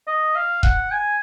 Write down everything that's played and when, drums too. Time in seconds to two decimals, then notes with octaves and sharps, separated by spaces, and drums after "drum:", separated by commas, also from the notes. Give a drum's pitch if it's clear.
0.07 D#5
0.35 F5
0.63 F#5, drum: kick E1
0.92 G#5